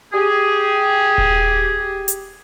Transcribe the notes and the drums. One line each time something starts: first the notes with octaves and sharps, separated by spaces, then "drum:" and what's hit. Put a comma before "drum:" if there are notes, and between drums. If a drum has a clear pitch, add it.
G4 G#4
drum: kick D#1
drum: hi-hat